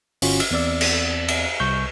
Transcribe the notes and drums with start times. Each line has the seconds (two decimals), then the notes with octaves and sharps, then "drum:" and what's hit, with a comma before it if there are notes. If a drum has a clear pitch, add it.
0.22 G1 C#4 F4 F#4, drum: open hi-hat
0.40 drum: cymbal
0.51 E2 C4 D5 E6
0.81 drum: cymbal
1.28 drum: cymbal
1.60 C2 C#6 G6